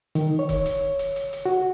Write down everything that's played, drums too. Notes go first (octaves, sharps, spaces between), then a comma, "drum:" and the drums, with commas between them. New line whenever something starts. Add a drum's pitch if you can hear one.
D#3, drum: hi-hat
C#5
drum: kick, hi-hat
drum: hi-hat
drum: hi-hat
drum: hi-hat
drum: hi-hat
F#4